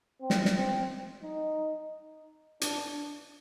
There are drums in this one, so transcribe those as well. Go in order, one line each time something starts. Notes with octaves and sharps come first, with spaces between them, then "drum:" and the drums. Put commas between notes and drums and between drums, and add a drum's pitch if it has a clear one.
C4
drum: snare
drum: snare
C4
D#4
D4, drum: hi-hat